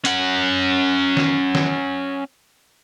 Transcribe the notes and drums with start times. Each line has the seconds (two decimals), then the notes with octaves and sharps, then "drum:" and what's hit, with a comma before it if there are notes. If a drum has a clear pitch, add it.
0.05 C#4 F#5, drum: hi-hat
1.17 drum: snare D#3
1.55 drum: snare D#3